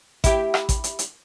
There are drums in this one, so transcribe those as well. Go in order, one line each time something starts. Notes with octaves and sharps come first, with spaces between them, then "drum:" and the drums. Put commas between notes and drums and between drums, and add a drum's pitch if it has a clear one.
E4 G4, drum: kick A1, hi-hat
drum: rim click
drum: kick A1, hi-hat
drum: hi-hat
drum: hi-hat